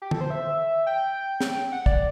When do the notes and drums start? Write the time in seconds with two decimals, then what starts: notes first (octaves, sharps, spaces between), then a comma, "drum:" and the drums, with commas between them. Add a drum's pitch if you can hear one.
0.02 G4
0.11 A4, drum: tom
0.21 C5
0.30 E5
0.86 G5
1.41 drum: snare
1.72 F#5
1.86 D5, drum: kick